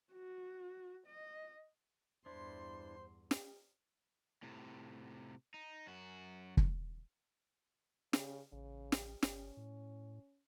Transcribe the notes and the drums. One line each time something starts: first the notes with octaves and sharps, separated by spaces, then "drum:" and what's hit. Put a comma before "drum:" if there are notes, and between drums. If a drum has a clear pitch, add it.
F#4
D#5
E2 G2 D4 E4 C5 C6
drum: snare
A2 C3
D#4
F#2 F#4
drum: kick
C#3, drum: snare
A1 C#3
drum: snare
G1 C#4, drum: snare
A2